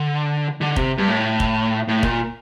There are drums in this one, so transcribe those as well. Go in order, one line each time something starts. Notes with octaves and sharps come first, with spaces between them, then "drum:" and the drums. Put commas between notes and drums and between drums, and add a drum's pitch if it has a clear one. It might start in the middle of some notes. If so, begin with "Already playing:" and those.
Already playing: D3
D3
C3, drum: kick
G2
A2
drum: kick
A2
A#2, drum: kick